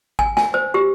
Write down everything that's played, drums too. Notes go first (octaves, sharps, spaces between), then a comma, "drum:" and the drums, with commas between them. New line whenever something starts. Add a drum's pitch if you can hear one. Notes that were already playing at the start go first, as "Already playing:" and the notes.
G#5, drum: kick
G#5, drum: snare
C5
G4